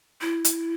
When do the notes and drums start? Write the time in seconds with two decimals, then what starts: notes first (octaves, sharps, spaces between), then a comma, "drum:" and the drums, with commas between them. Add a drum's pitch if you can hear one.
0.21 E4
0.45 drum: hi-hat